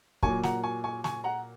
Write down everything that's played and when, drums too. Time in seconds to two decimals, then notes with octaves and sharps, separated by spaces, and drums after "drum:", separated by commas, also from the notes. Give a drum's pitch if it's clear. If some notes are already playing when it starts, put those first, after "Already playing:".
0.23 A#2 F#3 A#3 G#5 C#6, drum: kick
0.43 F#5 A#5, drum: snare
0.63 G#5 C#6
0.84 G#5 C#6
1.04 G#5 C#6, drum: snare
1.24 F#5 A#5